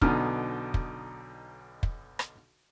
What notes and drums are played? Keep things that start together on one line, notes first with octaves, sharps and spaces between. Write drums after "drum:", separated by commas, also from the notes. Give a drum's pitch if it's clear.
B1 B2 D3 D#4 F6, drum: kick
drum: kick
drum: kick
drum: rim click